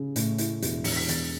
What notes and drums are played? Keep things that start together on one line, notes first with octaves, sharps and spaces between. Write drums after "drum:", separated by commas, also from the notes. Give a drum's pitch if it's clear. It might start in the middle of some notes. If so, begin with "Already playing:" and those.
Already playing: C#3
A2, drum: hi-hat
E4, drum: hi-hat
E1, drum: hi-hat
E1 C#7, drum: open hi-hat
B6
E2 A6, drum: hi-hat